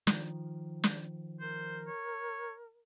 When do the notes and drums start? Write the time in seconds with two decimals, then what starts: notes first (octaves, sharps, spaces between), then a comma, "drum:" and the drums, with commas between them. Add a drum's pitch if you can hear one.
0.07 D#3 F3, drum: snare
0.84 drum: snare
1.40 A#4 C5
1.87 C#5